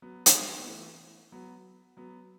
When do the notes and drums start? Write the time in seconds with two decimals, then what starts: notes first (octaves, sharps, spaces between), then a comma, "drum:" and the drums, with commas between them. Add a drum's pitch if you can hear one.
0.02 F#3 B3
0.26 drum: hi-hat
0.59 B3
0.67 E3 A3
1.32 F#3 B3
1.97 F#3 B3